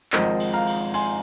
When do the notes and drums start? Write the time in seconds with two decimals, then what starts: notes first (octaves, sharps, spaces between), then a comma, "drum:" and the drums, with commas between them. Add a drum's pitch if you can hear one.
0.13 G#1 G#2 F3 G#3 C4 A#4 D#5, drum: clap
0.40 drum: cymbal
0.53 F5 A#5
0.67 drum: cymbal
0.94 G#5 C6, drum: cymbal